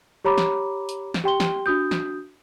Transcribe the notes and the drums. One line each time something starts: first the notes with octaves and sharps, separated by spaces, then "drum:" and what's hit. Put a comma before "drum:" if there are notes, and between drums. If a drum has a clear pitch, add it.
G4 C#5 A#5 B5 D6
drum: snare
drum: hi-hat
drum: snare
G4 G5 C6 G7
drum: snare
D4 F#4 D#6 G6
drum: snare